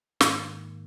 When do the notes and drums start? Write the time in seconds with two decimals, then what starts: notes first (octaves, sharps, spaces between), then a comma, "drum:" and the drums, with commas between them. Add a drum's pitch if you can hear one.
0.21 G#2 D#3 A#3, drum: snare